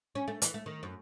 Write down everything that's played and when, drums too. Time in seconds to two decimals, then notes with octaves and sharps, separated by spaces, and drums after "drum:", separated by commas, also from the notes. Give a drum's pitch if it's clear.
0.15 C#4
0.28 A3
0.42 E3, drum: hi-hat
0.54 A3
0.66 D#3
0.83 F#2